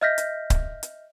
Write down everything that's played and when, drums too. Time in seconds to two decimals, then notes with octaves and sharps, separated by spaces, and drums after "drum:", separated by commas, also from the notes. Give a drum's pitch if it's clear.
0.01 D#5 E5 F6 G6 A#6 B6
0.18 drum: hi-hat
0.50 drum: kick C#1, hi-hat
0.83 drum: hi-hat